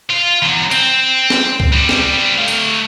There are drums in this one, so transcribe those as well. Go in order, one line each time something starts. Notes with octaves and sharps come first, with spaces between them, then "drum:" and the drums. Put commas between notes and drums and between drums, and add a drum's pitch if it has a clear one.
F4
E2 F#3
C4, drum: hi-hat
drum: snare
drum: kick C#2
G3 C4
drum: snare
A3 F5
drum: hi-hat